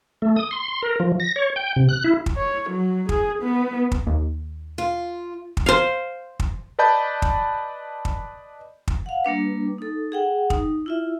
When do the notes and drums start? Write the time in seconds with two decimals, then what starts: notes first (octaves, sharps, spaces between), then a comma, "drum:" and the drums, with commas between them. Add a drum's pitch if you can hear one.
0.22 A3
0.36 D#6
0.51 C6
0.68 C6
0.82 A#4
1.00 F3
1.20 A#6
1.36 C#5
1.56 G5
1.76 C3
1.89 F#6
2.04 E4
2.26 drum: kick
2.37 C#5
2.70 F#3
3.09 G#4, drum: kick
3.43 B3
3.92 drum: kick
4.07 D#2
4.78 F4
5.57 drum: kick
5.66 C5 F5
6.40 drum: kick
6.79 B4 D5 D#5 A5 B5 G6
7.22 drum: kick
8.05 drum: kick
8.88 drum: kick
9.06 F5 F#5
9.24 G3 A#3 D4 B4
9.78 D#4 A4
10.12 G#4 F#5 G5
10.50 D#4, drum: kick
10.86 E4 F4 E5